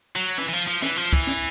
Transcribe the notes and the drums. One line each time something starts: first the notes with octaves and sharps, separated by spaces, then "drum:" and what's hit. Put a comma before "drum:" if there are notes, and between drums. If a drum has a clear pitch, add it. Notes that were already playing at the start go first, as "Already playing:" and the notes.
F#3
E3, drum: snare
E3
F3
F3
E3, drum: snare
F3
E3, drum: kick
drum: snare